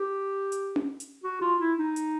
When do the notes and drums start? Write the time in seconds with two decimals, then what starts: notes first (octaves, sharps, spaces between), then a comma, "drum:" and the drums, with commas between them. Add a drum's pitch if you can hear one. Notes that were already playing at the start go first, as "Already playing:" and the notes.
Already playing: G4
0.52 drum: hi-hat
0.76 drum: tom C#4
1.00 drum: hi-hat
1.24 F#4
1.41 F4
1.61 E4
1.78 D#4
1.96 drum: hi-hat